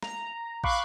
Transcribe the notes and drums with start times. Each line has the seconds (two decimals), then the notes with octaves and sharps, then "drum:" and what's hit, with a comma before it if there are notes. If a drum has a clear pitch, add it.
0.03 A#5, drum: snare
0.64 F5 B5 C#6 D6 F#6, drum: kick